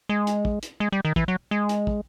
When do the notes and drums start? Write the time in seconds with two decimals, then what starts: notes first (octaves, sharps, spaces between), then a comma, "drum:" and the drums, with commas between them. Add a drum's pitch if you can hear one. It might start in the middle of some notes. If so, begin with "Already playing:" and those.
0.09 G#3
0.27 drum: hi-hat
0.45 drum: kick
0.63 drum: hi-hat
0.80 G#3
0.92 G3
1.05 D#3
1.16 E3, drum: kick
1.28 F#3
1.51 G#3
1.69 drum: hi-hat
1.87 drum: kick